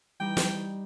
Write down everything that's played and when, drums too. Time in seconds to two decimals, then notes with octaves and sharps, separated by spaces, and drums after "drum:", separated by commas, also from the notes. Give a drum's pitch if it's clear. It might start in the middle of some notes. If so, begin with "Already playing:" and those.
0.20 E3 G3 D#4 G5
0.37 drum: snare